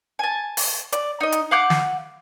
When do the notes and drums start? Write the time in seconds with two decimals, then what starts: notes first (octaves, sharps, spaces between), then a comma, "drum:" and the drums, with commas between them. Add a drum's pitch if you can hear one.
0.19 G#5 A5
0.57 drum: open hi-hat
0.92 D5, drum: hi-hat
1.20 D#4 D#5
1.32 drum: hi-hat
1.51 F5 F#5 D6 G6
1.70 drum: snare